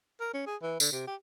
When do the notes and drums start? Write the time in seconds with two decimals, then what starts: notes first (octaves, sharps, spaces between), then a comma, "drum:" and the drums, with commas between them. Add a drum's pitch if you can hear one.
0.20 A#4
0.34 C#4
0.46 G#4
0.62 E3
0.80 D3, drum: tambourine
0.92 C3
1.07 G4